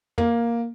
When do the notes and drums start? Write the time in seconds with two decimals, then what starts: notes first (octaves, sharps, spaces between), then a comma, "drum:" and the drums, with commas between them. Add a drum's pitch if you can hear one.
0.18 A#3, drum: tom